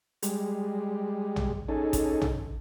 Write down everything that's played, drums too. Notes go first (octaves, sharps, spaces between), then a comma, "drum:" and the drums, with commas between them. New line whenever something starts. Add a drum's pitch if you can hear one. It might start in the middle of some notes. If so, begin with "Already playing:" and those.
G3 G#3, drum: hi-hat
drum: tom
C#4 D#4 G#4 A4
drum: kick A1, hi-hat
drum: tom